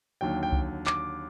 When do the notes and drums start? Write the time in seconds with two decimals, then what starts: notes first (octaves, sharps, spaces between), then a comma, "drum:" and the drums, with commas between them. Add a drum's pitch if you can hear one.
0.21 D#2 D3 F#3 G5
0.43 G5
0.52 drum: kick C2
0.87 D6, drum: clap